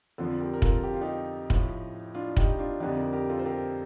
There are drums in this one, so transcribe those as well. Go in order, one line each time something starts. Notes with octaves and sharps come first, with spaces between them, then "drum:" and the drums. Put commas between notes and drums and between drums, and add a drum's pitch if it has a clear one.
F2 D3 F3 F4 A4
G4 A#4
A#4
F4 A4, drum: kick
G4
F4
D#4 G4
A2 F3, drum: kick
D4 F4
D#4 G4, drum: kick
D4 F4
F2 D3 F3 D#4 G4
A#4 D5
G4 A#4
F4 A4
C5
G4 A#4